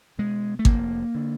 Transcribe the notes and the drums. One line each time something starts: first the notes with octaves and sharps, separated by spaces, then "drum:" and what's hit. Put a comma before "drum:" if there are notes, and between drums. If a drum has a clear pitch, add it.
B2 G#3
A3
F1 A#3, drum: kick G#1
D3